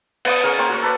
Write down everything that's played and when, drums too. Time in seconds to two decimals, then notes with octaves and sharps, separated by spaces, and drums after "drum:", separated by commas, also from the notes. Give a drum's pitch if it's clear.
0.25 B3 D#6, drum: cymbal
0.43 C#4 G#4 A#4
0.58 A#3 C5 C#5 G5
0.69 F#4 A#4 C#5
0.83 A4 B4 D5